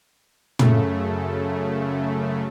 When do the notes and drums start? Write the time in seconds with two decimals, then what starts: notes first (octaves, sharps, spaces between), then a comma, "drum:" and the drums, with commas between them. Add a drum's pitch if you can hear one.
0.59 F#2 C#3 A3, drum: tom